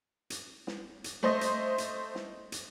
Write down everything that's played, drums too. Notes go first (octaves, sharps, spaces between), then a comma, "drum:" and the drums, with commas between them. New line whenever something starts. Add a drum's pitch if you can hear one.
drum: hi-hat
drum: snare
drum: hi-hat
A3 C5 D#5
drum: hi-hat
drum: hi-hat
drum: snare
drum: hi-hat